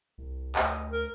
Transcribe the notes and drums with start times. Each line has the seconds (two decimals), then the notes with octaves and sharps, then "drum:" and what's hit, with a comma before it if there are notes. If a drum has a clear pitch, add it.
0.18 C2
0.55 D2 D#5, drum: clap
0.91 A#4